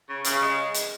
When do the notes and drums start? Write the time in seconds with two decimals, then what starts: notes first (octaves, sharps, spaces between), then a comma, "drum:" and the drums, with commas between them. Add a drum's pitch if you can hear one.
0.09 C#3
0.25 C#3, drum: hi-hat
0.42 G#3
0.74 drum: hi-hat